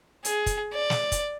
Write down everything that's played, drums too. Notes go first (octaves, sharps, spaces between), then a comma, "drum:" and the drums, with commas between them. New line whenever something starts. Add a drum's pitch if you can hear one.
G#4, drum: hi-hat
drum: kick, hi-hat
D5
drum: snare
drum: kick, hi-hat